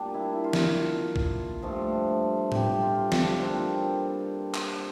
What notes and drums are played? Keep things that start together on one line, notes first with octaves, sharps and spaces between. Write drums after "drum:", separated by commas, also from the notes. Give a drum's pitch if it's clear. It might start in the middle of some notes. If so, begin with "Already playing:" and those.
Already playing: A#2 G3 D4
E4
F4
drum: snare
drum: kick
G2 F3 A3
G4, drum: tom
F4
D4, drum: snare
A#2 G3 C4
drum: clap